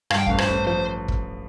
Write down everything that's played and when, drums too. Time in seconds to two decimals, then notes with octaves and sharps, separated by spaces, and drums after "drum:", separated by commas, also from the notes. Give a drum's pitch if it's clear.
0.10 G2 F5, drum: rim click
0.19 G5
0.26 A1 F5, drum: kick
0.38 C5, drum: rim click
0.48 A1
0.66 F3 C5
1.08 drum: kick